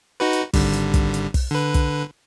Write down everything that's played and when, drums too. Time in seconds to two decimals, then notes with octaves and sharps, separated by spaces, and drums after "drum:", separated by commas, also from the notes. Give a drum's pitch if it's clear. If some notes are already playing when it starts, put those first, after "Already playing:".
0.20 D#4 F#4 B4
0.33 drum: hi-hat
0.53 G#1 D3 G3, drum: kick, open hi-hat
0.74 drum: hi-hat
0.94 drum: kick, hi-hat
1.14 drum: hi-hat
1.34 drum: kick, open hi-hat
1.50 D3 B4
1.74 drum: kick, hi-hat